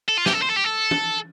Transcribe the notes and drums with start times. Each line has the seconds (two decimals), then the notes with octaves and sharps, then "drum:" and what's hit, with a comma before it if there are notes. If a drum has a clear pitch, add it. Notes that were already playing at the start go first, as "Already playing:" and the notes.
0.09 A4
0.18 F4
0.26 G4, drum: snare
0.34 A4
0.42 C5
0.50 A4
0.57 G4
0.65 A4
0.91 drum: tom